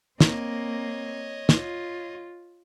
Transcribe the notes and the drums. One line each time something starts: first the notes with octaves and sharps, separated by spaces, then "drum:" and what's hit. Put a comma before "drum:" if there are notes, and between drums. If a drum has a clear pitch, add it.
A#3 C4 C#5 D#5, drum: snare
F4, drum: snare